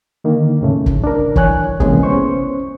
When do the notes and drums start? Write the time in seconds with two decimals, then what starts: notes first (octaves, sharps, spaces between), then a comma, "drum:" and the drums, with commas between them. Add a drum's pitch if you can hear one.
0.24 D3 D#3 A#3
0.60 E2 A2 C#3 A3
0.86 drum: kick
1.04 D4 A#4
1.36 E3 C#5 G#5 F#6, drum: kick
1.80 C3 E3 G#3 A#3 C#4 G#4, drum: kick
2.03 B3 C#4 C5 C#6